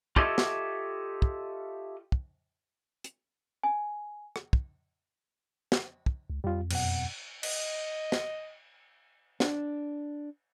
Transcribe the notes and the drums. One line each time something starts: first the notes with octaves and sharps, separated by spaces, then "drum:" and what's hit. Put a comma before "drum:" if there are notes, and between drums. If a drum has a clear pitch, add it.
F4 G4 A4 C#5 D#5 E5, drum: kick
drum: snare
drum: kick
drum: kick
drum: hi-hat
G#5
drum: rim click
drum: kick
drum: snare
drum: kick
C#2
F2 G3 F4
F#2 B2 F#5, drum: cymbal
D#5, drum: cymbal
drum: snare
D4, drum: snare